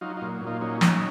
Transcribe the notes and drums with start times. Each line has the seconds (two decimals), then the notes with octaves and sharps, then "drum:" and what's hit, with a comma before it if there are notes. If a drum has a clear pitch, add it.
0.01 F#3 D#4 F4
0.17 A#2 D#4 F4
0.42 A#2 D#4 F4
0.61 F#3 C#4 D#4
0.81 F#3, drum: snare